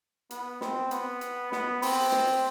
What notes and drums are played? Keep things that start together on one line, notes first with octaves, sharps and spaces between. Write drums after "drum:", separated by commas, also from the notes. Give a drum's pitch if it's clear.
B3, drum: hi-hat
C4, drum: snare
B3, drum: hi-hat
drum: hi-hat
B3, drum: snare
C4, drum: open hi-hat
drum: snare